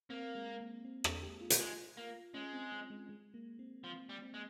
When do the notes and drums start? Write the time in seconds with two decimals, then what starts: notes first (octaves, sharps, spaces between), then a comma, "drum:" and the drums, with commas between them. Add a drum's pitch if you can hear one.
0.10 A#3 C4
0.35 G#3
0.61 A#3
0.85 C4
1.04 G#4, drum: rim click
1.23 G4
1.41 F4
1.50 G4, drum: hi-hat
1.58 G#3 F4
1.97 A#3
2.34 G#3 C#4
2.53 C4
2.72 C4
2.90 G#3
3.09 G#3
3.34 A#3
3.59 C4
3.84 F3 C4
4.09 G3
4.22 C4
4.34 G#3